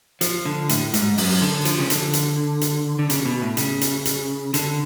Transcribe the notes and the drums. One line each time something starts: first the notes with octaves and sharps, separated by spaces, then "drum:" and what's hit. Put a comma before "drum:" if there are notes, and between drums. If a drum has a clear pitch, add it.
F3, drum: hi-hat
D3
A2, drum: hi-hat
G#2, drum: hi-hat
F#2, drum: open hi-hat
D3
F3, drum: hi-hat
C#3
D3, drum: hi-hat
drum: hi-hat
drum: hi-hat
D3
C#3, drum: hi-hat
B2
A2
C#3, drum: hi-hat
drum: hi-hat
drum: hi-hat
D3, drum: hi-hat